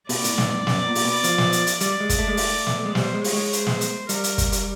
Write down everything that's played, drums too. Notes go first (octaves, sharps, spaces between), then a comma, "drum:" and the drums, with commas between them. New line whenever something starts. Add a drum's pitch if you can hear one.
B2 D5, drum: open hi-hat
A2, drum: hi-hat
G#2, drum: snare
G#2
G2
F#2, drum: snare
A#2
drum: open hi-hat
B2
F3, drum: hi-hat
drum: snare
drum: hi-hat
drum: hi-hat
G3 D5, drum: hi-hat
G#3
drum: kick, hi-hat
A3
G#3
A3, drum: open hi-hat
drum: snare
G#3
G3 C5, drum: snare
G#3
C#5, drum: open hi-hat
G#3
C5, drum: hi-hat
drum: snare
drum: hi-hat
G3 A#4, drum: hi-hat
drum: hi-hat
drum: kick, hi-hat
drum: hi-hat